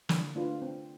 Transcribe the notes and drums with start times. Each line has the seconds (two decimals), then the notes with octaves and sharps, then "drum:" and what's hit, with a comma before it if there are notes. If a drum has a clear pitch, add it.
0.09 D3, drum: snare
0.35 A3 D4 F4 B4
0.62 C4